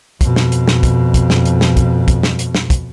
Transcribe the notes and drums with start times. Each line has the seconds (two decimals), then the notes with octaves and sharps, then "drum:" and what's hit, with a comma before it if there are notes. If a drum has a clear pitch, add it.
0.21 F2 B2, drum: kick, hi-hat
0.36 drum: snare
0.52 drum: hi-hat
0.68 drum: snare
0.83 drum: kick, hi-hat
1.14 drum: kick, hi-hat
1.30 drum: snare
1.45 drum: hi-hat
1.61 drum: snare
1.77 drum: kick, hi-hat
2.08 drum: kick, hi-hat
2.23 drum: snare
2.39 drum: hi-hat
2.55 drum: snare
2.70 drum: kick, hi-hat